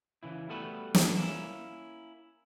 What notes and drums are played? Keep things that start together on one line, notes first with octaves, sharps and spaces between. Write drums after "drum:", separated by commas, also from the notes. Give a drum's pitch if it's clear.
C#3 E3 E4
G3 A3 B3 F#4 A4 B4
drum: snare
A#3 C#4 E4